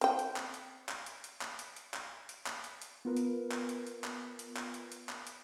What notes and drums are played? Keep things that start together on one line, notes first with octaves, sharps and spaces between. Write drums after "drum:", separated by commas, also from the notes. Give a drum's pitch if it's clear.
C4 G5, drum: hi-hat
drum: hi-hat
drum: clap
drum: hi-hat
drum: clap
drum: hi-hat
drum: hi-hat
drum: clap
drum: hi-hat
drum: hi-hat
drum: clap
drum: hi-hat
drum: clap
drum: hi-hat
drum: hi-hat
B3 F4 A#4 B4
drum: hi-hat
drum: clap
drum: hi-hat
drum: hi-hat
drum: clap
drum: hi-hat
drum: clap
drum: hi-hat
drum: hi-hat
drum: clap
drum: hi-hat